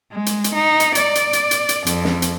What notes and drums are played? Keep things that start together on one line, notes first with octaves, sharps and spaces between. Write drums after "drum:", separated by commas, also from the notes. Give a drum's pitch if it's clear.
G#3
drum: hi-hat
drum: hi-hat
D#4
drum: hi-hat
D5, drum: hi-hat
drum: hi-hat
drum: hi-hat
drum: hi-hat
drum: hi-hat
F2, drum: hi-hat
drum: snare
drum: hi-hat